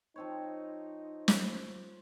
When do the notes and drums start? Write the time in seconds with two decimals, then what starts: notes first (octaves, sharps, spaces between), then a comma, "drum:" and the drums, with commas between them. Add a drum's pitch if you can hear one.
0.16 F3 C4 D#4 C#5
1.28 drum: snare